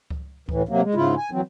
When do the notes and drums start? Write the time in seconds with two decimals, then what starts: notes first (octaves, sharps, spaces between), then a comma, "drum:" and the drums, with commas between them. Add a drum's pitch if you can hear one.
0.10 drum: kick C#2
0.49 A2 E3, drum: kick C#2
0.69 C3 F#3 A#3
0.82 G#3
0.95 G#2 C#3 E4 F4
1.17 G#5
1.31 E3 F#3 C4